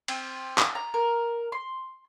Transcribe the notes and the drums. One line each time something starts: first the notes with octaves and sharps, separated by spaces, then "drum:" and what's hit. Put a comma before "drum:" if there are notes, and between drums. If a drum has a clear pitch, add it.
C4, drum: cymbal
drum: clap
A#5
A#4
C6